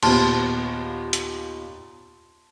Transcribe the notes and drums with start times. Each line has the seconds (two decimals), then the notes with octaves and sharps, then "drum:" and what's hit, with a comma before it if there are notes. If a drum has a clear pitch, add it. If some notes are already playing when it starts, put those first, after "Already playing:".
0.03 D#2 A#2 B3 A5 C6, drum: cymbal
1.13 drum: hi-hat